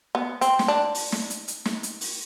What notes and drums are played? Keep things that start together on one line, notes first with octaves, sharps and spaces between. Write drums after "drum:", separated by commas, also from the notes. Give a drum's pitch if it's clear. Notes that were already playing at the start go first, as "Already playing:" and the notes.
B3
C4, drum: hi-hat
drum: snare
D4
drum: open hi-hat
drum: snare
drum: hi-hat
drum: hi-hat
drum: snare
drum: hi-hat
drum: open hi-hat